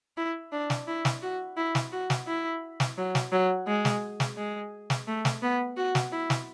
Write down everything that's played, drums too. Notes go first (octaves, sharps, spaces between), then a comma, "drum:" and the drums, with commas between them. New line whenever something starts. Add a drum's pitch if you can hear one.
E4
D4
drum: snare
E4
drum: snare
F#4
E4
drum: snare
F#4
drum: snare
E4
drum: snare
F#3
drum: snare
F#3
G#3
drum: snare
drum: snare
G#3
drum: snare
A3
drum: snare
B3
F#4
drum: snare
E4
drum: snare